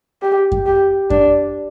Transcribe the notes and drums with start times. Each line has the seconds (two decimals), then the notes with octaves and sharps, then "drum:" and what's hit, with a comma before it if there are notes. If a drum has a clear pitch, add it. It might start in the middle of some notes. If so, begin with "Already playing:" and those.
0.22 G4
0.52 drum: kick F#2
0.66 G4
1.10 D4, drum: kick F#2